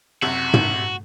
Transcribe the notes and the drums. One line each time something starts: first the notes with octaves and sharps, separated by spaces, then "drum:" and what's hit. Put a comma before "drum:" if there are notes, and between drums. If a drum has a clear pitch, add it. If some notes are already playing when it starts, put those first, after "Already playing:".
F#1 C3 F#4
drum: tom